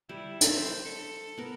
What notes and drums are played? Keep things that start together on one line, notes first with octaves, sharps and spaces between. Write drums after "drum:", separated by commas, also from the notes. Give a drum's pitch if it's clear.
G3 E4
drum: hi-hat
C5
A4
B3 A#4